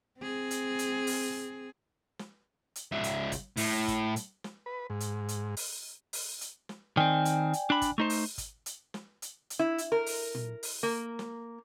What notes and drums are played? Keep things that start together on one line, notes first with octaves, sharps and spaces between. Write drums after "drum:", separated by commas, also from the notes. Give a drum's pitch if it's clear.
C4 G#4
drum: hi-hat
drum: hi-hat
drum: open hi-hat
drum: snare
drum: hi-hat
C#2 E5
drum: hi-hat
drum: kick, hi-hat
A2, drum: open hi-hat
drum: kick, hi-hat
drum: hi-hat
drum: snare
B4
G#2
drum: hi-hat
drum: hi-hat
drum: open hi-hat
drum: open hi-hat
drum: hi-hat
drum: snare
D#3 C4 D5 G5 G#5
drum: hi-hat
drum: hi-hat
D4 B5
drum: kick, hi-hat
A3 D#4 C5
drum: open hi-hat
drum: kick, hi-hat
drum: hi-hat
drum: snare
drum: hi-hat
drum: hi-hat
E4
drum: hi-hat
A#4
drum: open hi-hat
drum: tom A#2
drum: open hi-hat
A#3
drum: snare